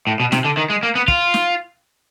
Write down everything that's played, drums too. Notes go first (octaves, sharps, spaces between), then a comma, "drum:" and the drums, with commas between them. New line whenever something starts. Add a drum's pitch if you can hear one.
A2
B2
C3, drum: snare
D3
D#3
G#3
A#3
B3
F4, drum: kick
drum: snare